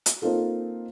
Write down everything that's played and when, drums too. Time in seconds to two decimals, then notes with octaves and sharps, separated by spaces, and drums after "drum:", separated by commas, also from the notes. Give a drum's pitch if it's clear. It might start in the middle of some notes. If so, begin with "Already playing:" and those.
0.06 drum: hi-hat
0.22 A#3 C4 D#4 F4 A4